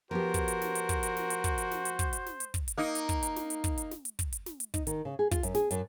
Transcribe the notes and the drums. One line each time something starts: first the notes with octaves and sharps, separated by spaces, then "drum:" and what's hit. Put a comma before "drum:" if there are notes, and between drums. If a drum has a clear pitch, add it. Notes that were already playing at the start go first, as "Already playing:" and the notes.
F3 B3 F#4 G4 A#4 C5
drum: kick, hi-hat
drum: hi-hat
drum: snare
drum: hi-hat
drum: kick, hi-hat
drum: hi-hat
drum: snare
drum: hi-hat
drum: kick, hi-hat
drum: hi-hat
drum: snare
drum: hi-hat
drum: kick, hi-hat
drum: hi-hat
drum: snare
drum: hi-hat
drum: kick, hi-hat
drum: hi-hat
A#3 D#4
drum: hi-hat
drum: kick, hi-hat
drum: hi-hat
drum: snare
drum: hi-hat
drum: kick, hi-hat
drum: hi-hat
drum: snare
drum: hi-hat
drum: kick, hi-hat
drum: hi-hat
drum: snare
drum: hi-hat
D#4, drum: kick, hi-hat
D#3, drum: hi-hat
C#3
G#4
F4, drum: kick, hi-hat
F#2, drum: hi-hat
G#4, drum: snare
F#2, drum: hi-hat